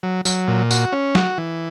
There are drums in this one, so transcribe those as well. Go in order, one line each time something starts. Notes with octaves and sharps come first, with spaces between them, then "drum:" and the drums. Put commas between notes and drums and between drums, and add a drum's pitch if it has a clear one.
F#3
F#3, drum: tambourine
A#2
F#4, drum: tambourine
C#4
F#4, drum: snare F#3
E3